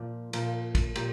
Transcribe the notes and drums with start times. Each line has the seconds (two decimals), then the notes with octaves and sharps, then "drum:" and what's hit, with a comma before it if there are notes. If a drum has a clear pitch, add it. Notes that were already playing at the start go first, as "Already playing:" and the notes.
Already playing: A#2 F3 D5
0.33 A#2 F3, drum: cymbal
0.75 drum: kick, cymbal
0.96 A#2 G4, drum: cymbal